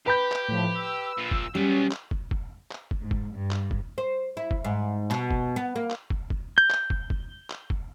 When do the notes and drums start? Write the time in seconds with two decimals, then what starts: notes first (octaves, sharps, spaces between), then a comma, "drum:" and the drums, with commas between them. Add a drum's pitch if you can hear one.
0.06 G4 B4 B5 G6
0.32 drum: clap
0.48 A2 F3
0.75 E6
1.18 A#2 F3
1.31 drum: kick
1.55 F#3 G3 B3 C#4
1.91 drum: clap
2.11 drum: kick
2.31 drum: kick
2.71 drum: clap
2.91 drum: kick
3.01 G#2
3.11 drum: kick
3.34 G2
3.51 drum: clap
3.71 drum: kick
3.98 C5
4.37 E4
4.51 drum: kick
4.65 G#2
5.11 B2, drum: clap
5.31 drum: kick
5.56 B3
5.76 A#3
5.90 drum: clap
6.10 drum: kick
6.30 drum: kick
6.58 G6
6.70 drum: clap
6.90 drum: kick
7.10 drum: kick
7.50 drum: clap
7.70 drum: kick